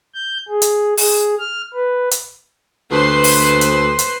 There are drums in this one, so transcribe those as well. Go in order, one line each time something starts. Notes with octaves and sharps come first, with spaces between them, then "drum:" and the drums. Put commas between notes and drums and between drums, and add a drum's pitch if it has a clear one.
G6
G#4
drum: hi-hat
G#4, drum: open hi-hat
F6
B4
drum: hi-hat
D2 B4 C5 C6
drum: open hi-hat
drum: hi-hat
drum: hi-hat